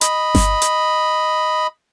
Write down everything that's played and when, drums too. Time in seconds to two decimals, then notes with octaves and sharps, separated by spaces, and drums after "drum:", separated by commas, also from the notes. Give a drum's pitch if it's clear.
0.01 D#5 B5, drum: hi-hat
0.35 drum: snare G1
0.62 drum: hi-hat